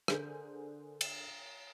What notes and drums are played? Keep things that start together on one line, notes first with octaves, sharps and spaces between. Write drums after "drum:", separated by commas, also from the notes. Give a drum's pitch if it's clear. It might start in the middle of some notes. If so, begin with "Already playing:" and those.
D3 G#4 A#4 C5 G6, drum: rim click
drum: cymbal